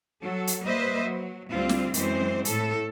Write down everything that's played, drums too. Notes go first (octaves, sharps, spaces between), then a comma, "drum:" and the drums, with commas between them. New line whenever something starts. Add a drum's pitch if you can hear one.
F#3 A4
drum: hi-hat
G3 A#3 B4 C5 D#5 E5
F#3
D2 G3 C4 F4
drum: snare
F#2 E3 G#3 C4 C5, drum: hi-hat
A2 A4, drum: hi-hat